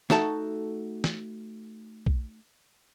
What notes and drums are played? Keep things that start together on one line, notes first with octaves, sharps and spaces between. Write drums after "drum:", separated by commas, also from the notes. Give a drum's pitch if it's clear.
A3 D#4 F#4 A4 A5, drum: snare
drum: snare
drum: kick B1